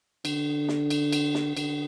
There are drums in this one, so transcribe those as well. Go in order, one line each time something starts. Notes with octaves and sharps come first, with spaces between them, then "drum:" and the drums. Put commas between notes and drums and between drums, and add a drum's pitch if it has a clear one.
D3, drum: cymbal
drum: snare
drum: cymbal
drum: cymbal
drum: snare
D3, drum: cymbal